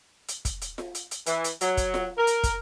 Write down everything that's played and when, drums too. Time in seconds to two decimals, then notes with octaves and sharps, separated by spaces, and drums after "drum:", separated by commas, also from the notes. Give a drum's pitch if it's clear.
0.28 drum: hi-hat
0.45 drum: kick, hi-hat
0.61 drum: hi-hat
0.78 drum: snare F4
0.95 drum: hi-hat
1.11 drum: hi-hat
1.26 E3, drum: hi-hat
1.44 drum: hi-hat
1.61 F#3, drum: hi-hat
1.77 drum: kick, hi-hat
1.94 drum: snare F4
2.17 A#4
2.27 drum: hi-hat
2.44 drum: kick, hi-hat